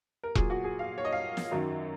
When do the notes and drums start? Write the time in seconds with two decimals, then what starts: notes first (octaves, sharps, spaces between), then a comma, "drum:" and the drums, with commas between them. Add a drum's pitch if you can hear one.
0.23 A#4
0.35 A#2 F#3 G#4, drum: kick E1
0.50 F#4
0.64 G#4
0.79 F5
0.98 C#5
1.05 D#5
1.13 F5
1.37 drum: snare
1.51 F#2 D#3 F#3